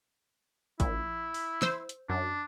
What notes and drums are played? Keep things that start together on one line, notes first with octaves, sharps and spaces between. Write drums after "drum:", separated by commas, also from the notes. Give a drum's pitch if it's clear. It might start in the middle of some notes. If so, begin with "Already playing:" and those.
A#1 E4, drum: kick, hi-hat
drum: open hi-hat
C5 E6, drum: snare
drum: hi-hat
F#2 D4